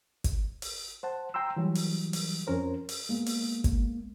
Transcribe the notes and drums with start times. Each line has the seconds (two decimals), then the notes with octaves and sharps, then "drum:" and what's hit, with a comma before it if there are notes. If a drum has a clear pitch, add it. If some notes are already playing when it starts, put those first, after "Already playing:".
0.24 drum: kick G1, hi-hat
0.62 drum: open hi-hat
1.03 C5 F#5 A5
1.34 G5 A#5 C6 E6
1.56 E3 F#3 G3
1.75 drum: open hi-hat
2.13 drum: open hi-hat
2.47 F2 C#4 A#4 C5
2.89 drum: open hi-hat
3.09 G#3 A#3 B3
3.26 drum: open hi-hat
3.64 drum: kick G1, hi-hat